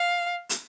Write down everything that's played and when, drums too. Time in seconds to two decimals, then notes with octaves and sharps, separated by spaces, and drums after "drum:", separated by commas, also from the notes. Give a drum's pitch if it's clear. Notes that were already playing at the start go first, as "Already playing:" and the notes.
Already playing: F5
0.49 drum: hi-hat